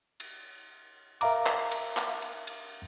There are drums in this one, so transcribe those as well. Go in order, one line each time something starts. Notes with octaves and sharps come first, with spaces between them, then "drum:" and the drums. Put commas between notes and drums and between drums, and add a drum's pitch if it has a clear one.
drum: cymbal
A#4 E5 F5 A#5 D6, drum: cymbal
drum: clap
drum: cymbal
drum: clap
drum: cymbal
drum: cymbal